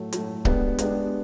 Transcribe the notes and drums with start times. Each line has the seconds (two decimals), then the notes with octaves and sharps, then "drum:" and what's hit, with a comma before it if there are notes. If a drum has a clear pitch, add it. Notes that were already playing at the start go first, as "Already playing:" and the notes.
Already playing: A2 F#3 A3
0.13 A2 F#3 A3, drum: hi-hat
0.45 G#3 B3 D4 G4, drum: kick C#1
0.79 G#3 B3 D4 G4, drum: hi-hat